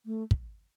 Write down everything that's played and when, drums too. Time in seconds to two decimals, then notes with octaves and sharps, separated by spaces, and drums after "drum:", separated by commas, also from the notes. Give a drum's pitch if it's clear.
0.06 A3
0.31 drum: kick